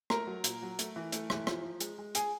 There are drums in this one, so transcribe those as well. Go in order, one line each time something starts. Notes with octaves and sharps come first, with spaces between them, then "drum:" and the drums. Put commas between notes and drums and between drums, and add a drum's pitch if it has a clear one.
A3 A#4 A#5, drum: rim click
F#3
A#2, drum: hi-hat
F#3
A3, drum: hi-hat
E3
A3, drum: hi-hat
E3, drum: rim click
F3, drum: rim click
F3
G#3, drum: hi-hat
G#3
G#4 G#5, drum: hi-hat